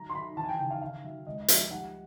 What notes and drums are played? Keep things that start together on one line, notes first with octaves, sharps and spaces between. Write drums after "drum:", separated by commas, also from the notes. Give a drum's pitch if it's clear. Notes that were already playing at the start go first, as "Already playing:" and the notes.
Already playing: F#3 A#5
C6
F#3 B5
E3 A5
G#5
G5
C#3 G5
F5
D#3 F5
F#3 E5
C#2 D#5
D#5
F3 E5, drum: hi-hat
G3 F#5